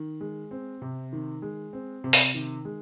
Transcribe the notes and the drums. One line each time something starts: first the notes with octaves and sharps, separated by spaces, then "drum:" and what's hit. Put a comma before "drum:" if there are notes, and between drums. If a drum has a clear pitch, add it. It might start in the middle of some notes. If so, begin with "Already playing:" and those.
Already playing: D#3
G#3
C4
C3
D#3
G#3
C4
C3
drum: open hi-hat
D#3
G#3